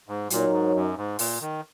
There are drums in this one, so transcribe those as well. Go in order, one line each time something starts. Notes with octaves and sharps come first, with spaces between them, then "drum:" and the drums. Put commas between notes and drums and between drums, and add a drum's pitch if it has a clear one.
G#2
A#2 F#3 D#4 A#4 C#5, drum: hi-hat
G#2
F#2
G#2
A#2, drum: open hi-hat
D#3